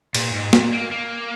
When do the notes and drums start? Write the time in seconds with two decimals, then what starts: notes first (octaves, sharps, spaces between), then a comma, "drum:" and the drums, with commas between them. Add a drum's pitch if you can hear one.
0.15 A#2, drum: cymbal
0.34 G#2
0.53 A#2, drum: snare
0.72 A#3
0.91 A#3